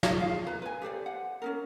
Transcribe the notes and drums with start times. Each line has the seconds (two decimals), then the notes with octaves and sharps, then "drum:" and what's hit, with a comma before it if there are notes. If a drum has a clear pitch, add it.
0.03 drum: snare
0.20 F4 G#4 F5
0.47 B4 A#5
0.62 B4 G#5
0.82 G4 A4 C5 D5
1.06 F#5
1.42 C#4 D#4 A#4